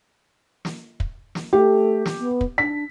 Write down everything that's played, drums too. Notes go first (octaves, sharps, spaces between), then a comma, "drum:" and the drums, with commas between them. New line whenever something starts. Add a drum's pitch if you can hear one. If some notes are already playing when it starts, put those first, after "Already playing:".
drum: snare
drum: kick
drum: snare
A3 G4
drum: snare
B3
drum: kick
D4 B6